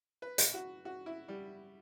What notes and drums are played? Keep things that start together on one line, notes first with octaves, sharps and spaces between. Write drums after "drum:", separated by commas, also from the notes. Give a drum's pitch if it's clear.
B4
drum: hi-hat
F#4
F#4
E4
G3